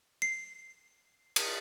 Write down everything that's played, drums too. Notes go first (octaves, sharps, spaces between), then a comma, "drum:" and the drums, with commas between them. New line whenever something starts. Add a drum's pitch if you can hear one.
C7
drum: cymbal